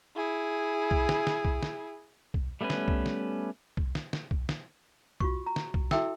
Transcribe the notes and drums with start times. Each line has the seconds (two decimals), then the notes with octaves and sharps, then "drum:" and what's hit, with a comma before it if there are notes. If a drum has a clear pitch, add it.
0.16 E4 G#4
0.91 drum: kick B1
1.09 drum: snare
1.27 drum: snare
1.45 drum: kick B1
1.63 drum: snare
2.34 drum: kick B1
2.61 G3 A3 B3 C#4 B4
2.70 drum: snare
2.88 drum: kick B1
3.06 drum: snare
3.77 drum: kick B1
3.95 drum: snare
4.13 drum: snare
4.31 drum: kick B1
4.49 drum: snare
5.20 F4 F#4 C#6, drum: kick B1
5.46 A#5
5.56 drum: snare
5.74 drum: kick B1
5.91 E4 F#4 A4 E5 G5 E6, drum: snare